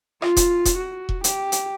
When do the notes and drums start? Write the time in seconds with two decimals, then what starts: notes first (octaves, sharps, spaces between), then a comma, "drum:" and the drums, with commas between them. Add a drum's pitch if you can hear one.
0.22 F4, drum: rim click
0.37 drum: kick E1, hi-hat
0.65 drum: kick E1, hi-hat
0.77 F#4
1.09 drum: kick E1
1.24 G4, drum: hi-hat
1.52 drum: hi-hat